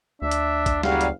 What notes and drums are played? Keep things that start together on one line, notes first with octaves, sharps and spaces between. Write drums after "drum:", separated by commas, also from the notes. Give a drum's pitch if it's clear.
D2 D4 E5
drum: hi-hat
drum: kick, hi-hat
F#1 F#3 G3 F5, drum: snare
drum: hi-hat